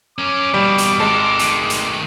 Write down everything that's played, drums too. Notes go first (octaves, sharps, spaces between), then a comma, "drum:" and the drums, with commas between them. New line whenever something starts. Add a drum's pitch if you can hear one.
C#4 A#4 D6
D#2 B2 G3
drum: hi-hat
G#1 G#3 A4 A#4 A5
D#3 A3, drum: hi-hat
drum: hi-hat